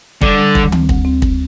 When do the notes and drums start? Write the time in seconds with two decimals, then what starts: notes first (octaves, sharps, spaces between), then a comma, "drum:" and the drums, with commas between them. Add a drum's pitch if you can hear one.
0.21 D3 G3, drum: kick
0.39 G3
0.55 D2, drum: kick
0.72 C4, drum: tom D#3
0.89 D2, drum: kick
1.05 C4
1.22 drum: kick